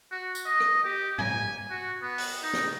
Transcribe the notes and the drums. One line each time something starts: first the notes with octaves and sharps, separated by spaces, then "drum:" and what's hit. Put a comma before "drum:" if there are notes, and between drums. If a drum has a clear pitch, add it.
F#4
drum: tambourine
D#5
drum: rim click
G4
G#5, drum: tom G#2
F#4
B3
drum: open hi-hat
D#4
drum: snare